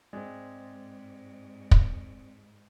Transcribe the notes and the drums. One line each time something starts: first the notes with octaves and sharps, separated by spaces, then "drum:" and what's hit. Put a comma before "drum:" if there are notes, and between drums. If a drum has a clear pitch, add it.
G#2 G#3 C4 D5
drum: kick